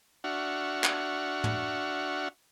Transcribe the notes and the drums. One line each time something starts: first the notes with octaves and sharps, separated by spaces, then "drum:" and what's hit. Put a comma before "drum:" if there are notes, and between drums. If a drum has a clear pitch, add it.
D4 F#4 E5 F#5 C#6 F6
drum: clap
drum: tom